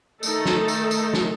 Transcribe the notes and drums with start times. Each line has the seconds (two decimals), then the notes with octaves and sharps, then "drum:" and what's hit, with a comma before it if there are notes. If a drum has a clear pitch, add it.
0.23 D#3 A3 D#4 A4, drum: tambourine
0.46 drum: snare
0.68 drum: tambourine
0.91 drum: tambourine
1.13 drum: snare